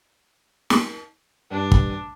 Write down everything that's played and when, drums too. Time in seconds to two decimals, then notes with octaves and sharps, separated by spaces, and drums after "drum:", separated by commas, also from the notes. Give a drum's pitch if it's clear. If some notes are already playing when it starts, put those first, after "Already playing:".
0.70 drum: snare
1.51 G2 D4
1.72 drum: kick